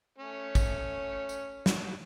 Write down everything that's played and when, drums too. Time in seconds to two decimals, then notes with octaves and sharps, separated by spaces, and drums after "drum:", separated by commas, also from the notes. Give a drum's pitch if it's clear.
0.18 A3 C#4 C#5
0.55 drum: kick, tambourine
1.29 drum: tambourine
1.66 drum: snare